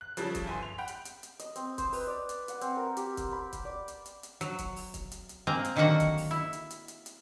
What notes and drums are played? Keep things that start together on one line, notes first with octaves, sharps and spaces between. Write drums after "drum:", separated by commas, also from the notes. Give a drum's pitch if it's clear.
F#6
C#3 F3 G3 A4, drum: hi-hat
drum: kick, hi-hat
G1 G#5 C6
F7
F#5 G5 B5
drum: hi-hat
drum: hi-hat
drum: hi-hat
D#5, drum: hi-hat
C4, drum: hi-hat
C5, drum: kick, hi-hat
B4, drum: open hi-hat
D5
drum: hi-hat
F#5, drum: hi-hat
C4, drum: hi-hat
A#4
G4, drum: hi-hat
drum: kick, hi-hat
B5
drum: kick, hi-hat
D5
drum: hi-hat
drum: hi-hat
drum: hi-hat
F#3, drum: hi-hat
drum: kick, hi-hat
drum: open hi-hat
drum: kick, hi-hat
drum: hi-hat
drum: hi-hat
A#3 C4 G#4 A#5
drum: hi-hat
D3 D#3 F#3 A#3 F#4 F#5
drum: kick, hi-hat
drum: open hi-hat
E4
drum: hi-hat
drum: hi-hat
drum: hi-hat
drum: hi-hat